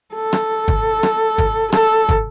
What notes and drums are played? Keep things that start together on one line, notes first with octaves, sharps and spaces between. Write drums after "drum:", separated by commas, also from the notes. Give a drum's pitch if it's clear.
A4
drum: rim click
drum: kick, hi-hat
drum: rim click
drum: kick, hi-hat
A4, drum: rim click
drum: kick, hi-hat